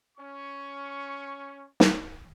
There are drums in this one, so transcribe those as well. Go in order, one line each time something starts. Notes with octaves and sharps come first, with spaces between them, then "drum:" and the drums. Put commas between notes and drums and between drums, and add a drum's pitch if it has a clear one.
C#4 C#6
drum: snare